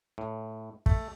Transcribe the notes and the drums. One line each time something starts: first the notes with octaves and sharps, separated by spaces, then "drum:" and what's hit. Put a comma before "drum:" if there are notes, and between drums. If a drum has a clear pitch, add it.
A2
A3, drum: kick